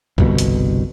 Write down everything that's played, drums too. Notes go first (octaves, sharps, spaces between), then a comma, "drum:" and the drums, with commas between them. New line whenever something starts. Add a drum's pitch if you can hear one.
G1 C2 B2, drum: kick
drum: hi-hat